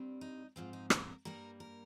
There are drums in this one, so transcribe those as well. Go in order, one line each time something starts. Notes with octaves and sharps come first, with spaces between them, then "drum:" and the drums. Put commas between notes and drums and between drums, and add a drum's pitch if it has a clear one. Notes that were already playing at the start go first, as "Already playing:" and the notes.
Already playing: G2 G3 C4
D#4
G#2 F3 C4 F4
D#4
A#4, drum: rim click
G2 G3 A#3 A#4
A#4